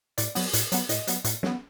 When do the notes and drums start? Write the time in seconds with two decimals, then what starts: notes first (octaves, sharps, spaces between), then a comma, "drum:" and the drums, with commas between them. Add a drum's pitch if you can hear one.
0.18 A2 D5, drum: hi-hat
0.35 F#3 B3, drum: open hi-hat
0.53 A2, drum: hi-hat
0.72 F#3 B3, drum: hi-hat
0.89 A2 D#5, drum: hi-hat
1.07 F#3 B3, drum: hi-hat
1.25 A2, drum: hi-hat
1.43 F#3 B3, drum: snare